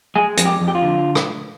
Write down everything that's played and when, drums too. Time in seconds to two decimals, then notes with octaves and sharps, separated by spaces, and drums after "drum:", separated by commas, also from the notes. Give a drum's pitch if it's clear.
0.16 G#3 G#4
0.37 F2, drum: hi-hat
0.45 G4
0.61 F2
0.68 G4
0.75 F4
0.82 D3
1.15 drum: rim click